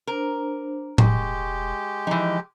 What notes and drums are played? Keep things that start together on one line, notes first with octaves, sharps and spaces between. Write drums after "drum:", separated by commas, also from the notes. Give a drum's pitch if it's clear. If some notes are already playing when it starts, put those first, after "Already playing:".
D4 A#4 C5
E1 G#3 G4 C#6, drum: tom A2
E3 F3 D#4